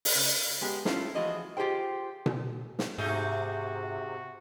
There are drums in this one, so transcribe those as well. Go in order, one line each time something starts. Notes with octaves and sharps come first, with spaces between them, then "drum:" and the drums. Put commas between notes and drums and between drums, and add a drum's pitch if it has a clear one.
drum: open hi-hat
C#3
G#3 B3 G4
C#4 E4 F4 A4, drum: snare
E3 F3 F#4 G#4 D#5
F4 G4 G#4 C5 G5
drum: tom B2
drum: snare
G#2 C3 A3 D#4 F#4 G#4